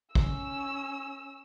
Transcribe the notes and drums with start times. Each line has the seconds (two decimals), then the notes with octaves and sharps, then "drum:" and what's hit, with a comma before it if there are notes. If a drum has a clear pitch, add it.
0.15 C#4 E6, drum: kick